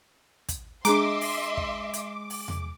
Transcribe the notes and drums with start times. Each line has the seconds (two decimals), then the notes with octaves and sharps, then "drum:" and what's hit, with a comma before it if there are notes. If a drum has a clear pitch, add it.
0.49 drum: kick, hi-hat
0.85 G#3 D4 G#4 D#5 E5 A#5 C6 D6, drum: hi-hat
1.21 drum: open hi-hat
1.57 drum: kick
1.94 drum: hi-hat
2.30 drum: open hi-hat
2.48 drum: tom E2